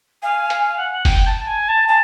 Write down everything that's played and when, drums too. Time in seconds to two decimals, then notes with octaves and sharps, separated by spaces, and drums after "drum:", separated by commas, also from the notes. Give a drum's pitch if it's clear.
0.23 F5 G#5
0.50 F5, drum: hi-hat
0.78 F#5
1.05 G5, drum: kick, open hi-hat
1.26 A5
1.47 G#5
1.68 A5
1.88 G#5 A5